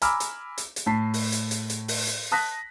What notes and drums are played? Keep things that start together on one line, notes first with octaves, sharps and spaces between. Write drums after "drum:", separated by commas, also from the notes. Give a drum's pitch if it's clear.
G#5 A#5 B5 D6 E6 F6, drum: hi-hat
drum: hi-hat
drum: hi-hat
drum: hi-hat
A2 A5 B6 C7
drum: open hi-hat
drum: hi-hat
drum: hi-hat
drum: hi-hat
drum: open hi-hat
drum: hi-hat
A5 D#6 F#6 A#6 B6